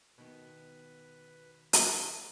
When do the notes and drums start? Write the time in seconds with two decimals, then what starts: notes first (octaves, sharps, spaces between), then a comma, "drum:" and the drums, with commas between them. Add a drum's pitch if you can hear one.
0.18 B2 D#3 B3 B4
1.73 drum: hi-hat